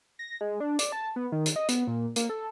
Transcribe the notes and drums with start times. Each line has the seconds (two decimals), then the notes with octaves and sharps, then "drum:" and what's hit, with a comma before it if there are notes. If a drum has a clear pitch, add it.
0.19 A#6
0.41 G#3
0.60 D4
0.79 D5, drum: hi-hat
0.92 A5
1.16 B3
1.32 D#3
1.46 drum: hi-hat
1.56 D#5
1.69 B3, drum: hi-hat
1.87 A#2
2.16 A#3, drum: hi-hat
2.29 A4